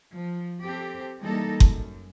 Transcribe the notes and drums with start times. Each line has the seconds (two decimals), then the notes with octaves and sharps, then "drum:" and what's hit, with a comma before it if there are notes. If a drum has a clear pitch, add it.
0.14 F3
0.63 C4 G4 A4 C5
1.20 E3 G3 G#3 A#3 D#4 A4
1.60 F#2, drum: kick F#1